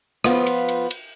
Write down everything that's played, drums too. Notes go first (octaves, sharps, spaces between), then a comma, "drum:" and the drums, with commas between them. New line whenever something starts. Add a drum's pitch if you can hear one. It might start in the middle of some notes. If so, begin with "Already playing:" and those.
F3 B3 F4, drum: rim click
drum: cymbal
drum: cymbal
drum: cymbal